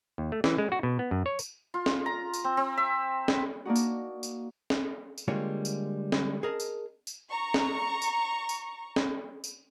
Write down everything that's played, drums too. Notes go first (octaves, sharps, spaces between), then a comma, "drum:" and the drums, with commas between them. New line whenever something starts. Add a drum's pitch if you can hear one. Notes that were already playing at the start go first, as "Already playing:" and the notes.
D#2
A3
E3, drum: snare
G#3
F#4
B2
B3
F#2
C#5
drum: tambourine
F4
drum: snare
A#5
drum: tambourine
C4
C4
E5
drum: snare
A#3 D4 D#4 F#4
drum: tambourine
drum: tambourine
drum: snare
drum: tambourine
D3 G3 G#3 A#3 F4 C#5
drum: tambourine
drum: snare
G#4 A#4 D#5 A5
drum: tambourine
drum: tambourine
A#5 C#6
drum: snare
drum: tambourine
drum: tambourine
drum: snare
drum: tambourine